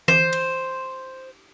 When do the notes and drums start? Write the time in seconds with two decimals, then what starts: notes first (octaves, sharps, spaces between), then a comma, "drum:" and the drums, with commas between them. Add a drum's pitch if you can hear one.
0.08 C5, drum: tom E3
0.33 drum: cymbal